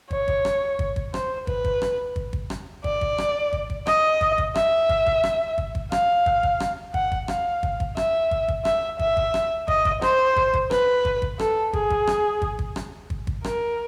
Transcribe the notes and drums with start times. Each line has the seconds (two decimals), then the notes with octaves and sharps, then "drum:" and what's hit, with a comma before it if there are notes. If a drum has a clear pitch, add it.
0.11 C#5, drum: kick
0.28 drum: kick
0.45 drum: rim click
0.79 drum: kick
0.96 drum: kick
1.14 C5, drum: rim click
1.47 B4, drum: kick
1.64 drum: kick
1.82 drum: rim click
2.16 drum: kick
2.33 drum: kick
2.50 drum: rim click
2.84 D5, drum: kick
3.01 drum: kick
3.18 drum: rim click
3.53 drum: kick
3.70 drum: kick
3.87 D#5, drum: rim click
4.21 drum: kick
4.38 drum: kick
4.55 E5, drum: rim click
4.89 drum: kick
5.06 drum: kick
5.24 drum: rim click
5.58 drum: kick
5.75 drum: kick
5.92 F5, drum: rim click
6.26 drum: kick
6.43 drum: kick
6.60 drum: rim click
6.94 F#5, drum: kick
7.12 drum: kick
7.28 F5, drum: rim click
7.63 drum: kick
7.80 drum: kick
7.97 E5, drum: rim click
8.31 drum: kick
8.48 drum: kick
8.65 E5, drum: rim click
8.99 E5, drum: kick
9.17 drum: kick
9.34 drum: rim click
9.68 D#5, drum: kick
9.85 drum: kick
10.02 C5, drum: rim click
10.36 drum: kick
10.54 drum: kick
10.71 B4, drum: rim click
11.05 drum: kick
11.22 drum: kick
11.39 A4, drum: rim click
11.73 G#4, drum: kick
11.90 drum: kick
12.07 drum: rim click
12.42 drum: kick
12.59 drum: kick
12.76 drum: rim click
13.10 drum: kick
13.27 drum: kick
13.44 A#4, drum: rim click